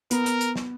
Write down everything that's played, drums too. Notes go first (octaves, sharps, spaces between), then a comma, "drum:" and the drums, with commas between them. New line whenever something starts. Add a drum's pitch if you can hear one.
B3 A#4, drum: hi-hat
drum: hi-hat
drum: hi-hat
drum: snare